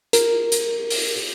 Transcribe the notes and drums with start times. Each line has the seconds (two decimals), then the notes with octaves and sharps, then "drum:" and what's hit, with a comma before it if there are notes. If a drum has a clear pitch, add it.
0.13 A#4, drum: hi-hat
0.52 drum: hi-hat
0.90 drum: open hi-hat